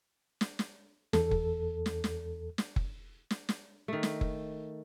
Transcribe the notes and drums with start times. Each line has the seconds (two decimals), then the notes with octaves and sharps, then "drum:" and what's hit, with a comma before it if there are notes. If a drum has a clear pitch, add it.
0.41 drum: snare
0.59 drum: snare
1.13 E2 A4, drum: snare
1.31 drum: kick F#1
1.86 drum: snare
2.04 drum: snare
2.58 drum: snare
2.76 drum: kick F#1
3.31 drum: snare
3.49 drum: snare
3.88 D#3 A3
4.03 drum: snare
4.21 drum: kick F#1